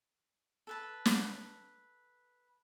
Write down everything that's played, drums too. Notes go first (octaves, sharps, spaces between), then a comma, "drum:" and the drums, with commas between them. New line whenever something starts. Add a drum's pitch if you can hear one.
A4 B4 A5
drum: snare